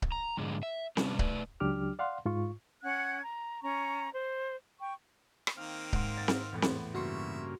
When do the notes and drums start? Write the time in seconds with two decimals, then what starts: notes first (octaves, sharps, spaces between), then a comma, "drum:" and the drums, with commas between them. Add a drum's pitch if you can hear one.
0.02 drum: kick C#1
0.12 A#5
0.37 F2 G#2 D3 G#3
0.63 E5
0.97 C3 G3 B3 C#4 D4, drum: snare C4
1.19 A3 B4 D5, drum: kick C#1
1.60 C#2 F#3 D4 G4 D6 F6
1.99 D5 F5 F#5 C6
2.25 G#2 F4 C#6
2.83 C#4 F#5 F#6 G#6
3.23 A#5
3.62 C#4 A#5 C#6
4.12 C5
4.80 G5 C#6
5.47 drum: rim click
5.57 D#3 A#3 C4 F5
5.93 G#2 F#5 C6, drum: kick C#1
6.17 A6
6.28 drum: snare C4
6.52 E2 A2 B3
6.62 drum: snare C4
6.95 G2 C#3 A#3 F#4 E5 C6 C#6